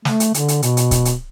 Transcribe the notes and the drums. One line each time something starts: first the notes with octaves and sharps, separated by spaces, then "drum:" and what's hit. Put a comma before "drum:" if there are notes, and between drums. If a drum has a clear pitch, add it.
A3, drum: snare
drum: hi-hat
D3, drum: hi-hat
drum: hi-hat
B2, drum: hi-hat
drum: hi-hat
drum: kick C#1, hi-hat
drum: hi-hat